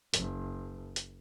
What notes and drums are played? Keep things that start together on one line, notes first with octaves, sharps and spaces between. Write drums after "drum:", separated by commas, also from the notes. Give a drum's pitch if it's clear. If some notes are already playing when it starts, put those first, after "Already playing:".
F#1, drum: hi-hat
drum: hi-hat